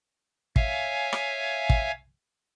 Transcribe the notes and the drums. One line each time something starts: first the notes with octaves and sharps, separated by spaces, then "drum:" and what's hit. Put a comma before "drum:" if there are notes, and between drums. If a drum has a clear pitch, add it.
C#5 E5 F5 G#5, drum: kick
drum: rim click
drum: kick